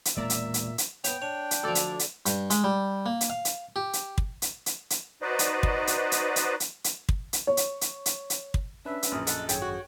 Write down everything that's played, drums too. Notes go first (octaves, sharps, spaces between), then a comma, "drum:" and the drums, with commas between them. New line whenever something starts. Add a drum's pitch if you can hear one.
drum: hi-hat
E1 A#2 G#3 A#3 D5 E5 A#5
drum: hi-hat
drum: hi-hat
drum: hi-hat
B3 C#5 G5, drum: hi-hat
D4 C#5
drum: hi-hat
D2 F3 A4 D5
drum: hi-hat
drum: hi-hat
G2, drum: hi-hat
G#3, drum: hi-hat
G3
A#3
drum: hi-hat
F5
drum: hi-hat
G4
drum: hi-hat
drum: kick
drum: hi-hat
drum: hi-hat
drum: hi-hat
D#4 F#4 B4 C5 D5 D#5
drum: hi-hat
drum: kick
drum: hi-hat
drum: hi-hat
drum: hi-hat
drum: hi-hat
drum: hi-hat
drum: kick
drum: hi-hat
C#5
drum: hi-hat
drum: hi-hat
drum: hi-hat
drum: hi-hat
drum: kick
C#4 D4 B4 E5
drum: hi-hat
A#1 F#2 D#6
A4 D#5 F#6, drum: hi-hat
G#1 F#2 G#4 C#5 G5, drum: hi-hat
F#4